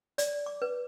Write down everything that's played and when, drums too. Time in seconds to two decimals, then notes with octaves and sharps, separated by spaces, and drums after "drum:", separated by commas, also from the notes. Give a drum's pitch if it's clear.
0.18 D5, drum: hi-hat
0.46 D6
0.62 B4